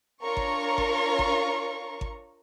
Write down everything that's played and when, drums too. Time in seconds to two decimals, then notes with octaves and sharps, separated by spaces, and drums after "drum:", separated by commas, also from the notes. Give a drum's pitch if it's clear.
0.23 D4 F4 A#4 C#5 A#5 C#6
0.37 drum: kick G#1
0.78 drum: kick G#1
1.19 drum: kick G#1
2.01 drum: kick G#1